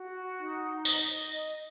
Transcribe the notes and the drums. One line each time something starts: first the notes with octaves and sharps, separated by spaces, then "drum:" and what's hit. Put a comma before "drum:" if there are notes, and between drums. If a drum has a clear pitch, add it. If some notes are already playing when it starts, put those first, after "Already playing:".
Already playing: F#4
D#4
D#5, drum: tambourine